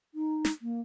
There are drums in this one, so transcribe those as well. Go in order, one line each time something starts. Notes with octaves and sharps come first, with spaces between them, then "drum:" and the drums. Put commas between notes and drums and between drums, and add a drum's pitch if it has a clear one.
D#4
drum: snare
A#3